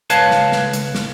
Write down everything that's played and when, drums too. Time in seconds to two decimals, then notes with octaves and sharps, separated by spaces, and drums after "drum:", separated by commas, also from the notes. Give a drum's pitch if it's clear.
0.10 C#2 B4 C#5 F5 A5, drum: hi-hat
0.31 drum: snare
0.52 drum: snare
0.73 drum: hi-hat
0.95 drum: snare